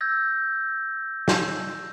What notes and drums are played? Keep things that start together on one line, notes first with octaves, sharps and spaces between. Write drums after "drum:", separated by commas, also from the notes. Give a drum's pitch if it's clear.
E6 G6 G#6 A#6
drum: snare